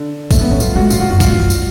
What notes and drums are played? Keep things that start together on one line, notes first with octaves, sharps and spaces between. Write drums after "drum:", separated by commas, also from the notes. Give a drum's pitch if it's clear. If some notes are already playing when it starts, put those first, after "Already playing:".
Already playing: D3
A2 A3, drum: kick A1, tambourine
A2 B3
A2 C#4
F#3 F4, drum: tambourine
G#3 F#4
A2 F4, drum: tambourine
G#2 F#4
F#2 F#4
G#2 F4, drum: kick A1, tambourine
G#2
F#2
drum: tambourine